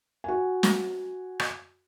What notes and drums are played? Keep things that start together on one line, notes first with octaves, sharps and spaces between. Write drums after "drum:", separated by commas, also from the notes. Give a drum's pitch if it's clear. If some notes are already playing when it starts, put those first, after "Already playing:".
F#4 G#5
drum: snare
drum: rim click